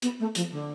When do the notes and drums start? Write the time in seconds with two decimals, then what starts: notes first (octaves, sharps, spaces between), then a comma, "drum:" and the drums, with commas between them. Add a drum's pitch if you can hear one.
0.02 B3, drum: hi-hat
0.19 A3
0.35 F3, drum: hi-hat
0.51 D3